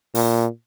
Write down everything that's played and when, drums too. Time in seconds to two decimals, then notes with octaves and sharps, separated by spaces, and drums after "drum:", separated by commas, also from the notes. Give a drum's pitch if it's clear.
0.15 A#2, drum: open hi-hat